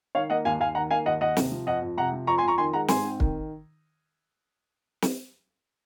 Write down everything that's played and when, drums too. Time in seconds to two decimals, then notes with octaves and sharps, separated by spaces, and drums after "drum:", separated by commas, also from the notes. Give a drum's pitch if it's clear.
0.15 D#3 C#5 F5
0.30 A#3 D#5 F#5
0.45 D#2 F5 G#5
0.60 D#2 F5 G#5
0.75 D#3 F#5 A#5
0.91 A#3 F5 G#5
1.06 D#2 D#5 F#5
1.21 D#2 D#5 F#5
1.37 C3, drum: snare
1.52 F3
1.67 F2 D#5 F#5
1.82 F2
1.97 C3 F#5 A#5
2.13 F3
2.27 F2 A#5 C#6
2.38 G#5 C6
2.44 F2 A#5 C#6
2.58 D#3 G#5 C6
2.73 G#3 F#5 A#5
2.88 G#2 G#5 C6, drum: snare
3.05 C4
3.20 D#3, drum: kick
5.02 drum: snare